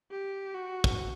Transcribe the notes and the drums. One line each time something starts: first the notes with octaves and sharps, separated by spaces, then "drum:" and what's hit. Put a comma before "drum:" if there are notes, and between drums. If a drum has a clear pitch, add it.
G4
F#4
drum: kick